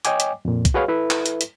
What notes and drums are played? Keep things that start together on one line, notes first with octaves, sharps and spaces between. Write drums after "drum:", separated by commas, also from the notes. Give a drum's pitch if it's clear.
C#5 D#5 G5 G#5 D6, drum: hi-hat
drum: hi-hat
F2 A#2
drum: kick B1, hi-hat
F#4 G#4 B4 C#5 F5
E4 A4 B4 E5
drum: clap
drum: hi-hat
drum: hi-hat